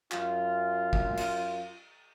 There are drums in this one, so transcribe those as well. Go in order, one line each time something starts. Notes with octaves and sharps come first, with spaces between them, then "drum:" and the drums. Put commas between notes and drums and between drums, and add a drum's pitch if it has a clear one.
F#2 F4, drum: clap
drum: kick
drum: cymbal